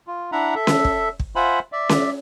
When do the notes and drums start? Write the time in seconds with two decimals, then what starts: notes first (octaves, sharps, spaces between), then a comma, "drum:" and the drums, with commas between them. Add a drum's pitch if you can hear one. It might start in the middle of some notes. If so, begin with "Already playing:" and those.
0.07 F4
0.32 D4 E4 E5 F#5 A#5
0.55 A4 E5
0.67 drum: snare C#4
0.85 drum: kick
1.19 drum: kick
1.36 F4 C5 E5 F#5 G#5 B5
1.72 D5 E5
1.89 drum: snare C#4